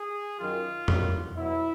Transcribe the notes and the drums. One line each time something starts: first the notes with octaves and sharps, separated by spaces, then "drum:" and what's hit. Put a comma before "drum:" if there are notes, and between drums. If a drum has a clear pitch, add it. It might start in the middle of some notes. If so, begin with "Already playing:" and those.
Already playing: G#4
F#2 D#3 F#3 F4
G2 D#3 F#3, drum: tom F2
B2 F#3 E4